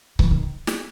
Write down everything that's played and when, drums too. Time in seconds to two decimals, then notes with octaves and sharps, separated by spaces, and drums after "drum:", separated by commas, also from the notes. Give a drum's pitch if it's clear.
0.19 E3, drum: kick C#1
0.31 D#3
0.67 drum: snare